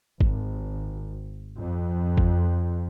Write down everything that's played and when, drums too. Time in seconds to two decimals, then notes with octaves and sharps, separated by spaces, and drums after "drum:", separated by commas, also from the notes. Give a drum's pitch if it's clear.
0.21 G#1, drum: kick G#1
1.57 F2
2.17 drum: kick G#1